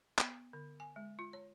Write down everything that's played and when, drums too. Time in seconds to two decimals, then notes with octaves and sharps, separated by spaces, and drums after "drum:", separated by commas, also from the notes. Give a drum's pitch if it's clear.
0.18 B3, drum: clap
0.53 D3
0.80 G#5
0.96 G#3
1.19 F4
1.33 C#5